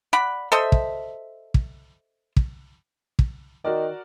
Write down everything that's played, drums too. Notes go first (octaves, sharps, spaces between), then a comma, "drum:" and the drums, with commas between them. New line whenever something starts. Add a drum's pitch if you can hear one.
D5 F#5 B5
A4 C5 D#5 E5
drum: kick
drum: kick
drum: kick
drum: kick
D#3 F#4 A#4 D5